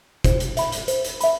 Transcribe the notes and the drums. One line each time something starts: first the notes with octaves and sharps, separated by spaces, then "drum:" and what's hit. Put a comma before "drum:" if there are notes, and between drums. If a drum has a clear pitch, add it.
C5, drum: kick F#1, hi-hat
drum: hi-hat
E5 B5, drum: hi-hat
drum: hi-hat
C5, drum: hi-hat
drum: hi-hat
E5 B5, drum: hi-hat